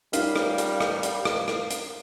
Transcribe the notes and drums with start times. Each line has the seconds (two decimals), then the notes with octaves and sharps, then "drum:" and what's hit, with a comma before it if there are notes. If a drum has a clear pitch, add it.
0.13 G3 C#4 D#4 F4 A#4 F5, drum: hi-hat
0.36 drum: rim click
0.58 drum: hi-hat
0.81 drum: rim click
1.03 drum: hi-hat
1.25 drum: rim click
1.48 drum: rim click
1.70 drum: hi-hat